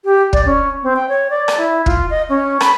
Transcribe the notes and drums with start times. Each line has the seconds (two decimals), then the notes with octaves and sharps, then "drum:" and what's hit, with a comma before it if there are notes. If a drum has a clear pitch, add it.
0.05 G4
0.33 D5, drum: kick
0.46 C#4
0.83 C4
0.96 G5
1.09 C#5
1.30 D5
1.48 drum: rim click
1.58 E4
1.86 F4, drum: kick
2.10 D#5
2.29 C#4
2.61 B5, drum: rim click